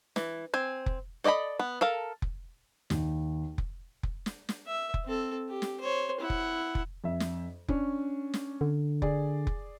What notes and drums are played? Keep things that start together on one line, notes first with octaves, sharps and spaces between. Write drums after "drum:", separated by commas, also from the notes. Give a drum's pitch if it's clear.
E3, drum: snare
C4 G#5
drum: kick F1
A4 D5 D#5 G5 B5
B3
A4 A#4 F5
drum: kick F1
D#2, drum: snare
drum: kick F1
drum: kick F1
drum: snare
drum: snare
E5
drum: kick F1
C4 A4
G4
drum: snare
C5 C#5
E4 F#5
drum: kick F1
drum: kick F1
F2 E5
drum: snare
C#4 D4, drum: kick F1
drum: snare
D3
G#4 D5, drum: kick F1
drum: kick F1